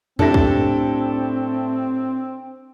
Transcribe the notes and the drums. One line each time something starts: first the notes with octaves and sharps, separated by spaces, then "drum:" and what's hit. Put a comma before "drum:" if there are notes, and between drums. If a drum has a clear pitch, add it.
A2 C4 D4 E4 G4 A4 A#6, drum: tom F2
drum: kick